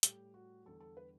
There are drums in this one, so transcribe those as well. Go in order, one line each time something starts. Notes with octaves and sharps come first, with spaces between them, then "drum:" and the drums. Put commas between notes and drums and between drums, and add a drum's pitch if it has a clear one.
A2 G3 G4, drum: hi-hat
F#4
E2 D3 G3 A4
A4
B4